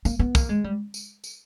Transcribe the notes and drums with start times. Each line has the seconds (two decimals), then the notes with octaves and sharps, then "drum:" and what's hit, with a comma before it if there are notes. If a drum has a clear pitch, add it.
0.05 A#3, drum: tambourine
0.19 B3
0.35 A#3, drum: kick, tambourine
0.49 G#3
0.64 G3
0.94 drum: tambourine
1.24 drum: tambourine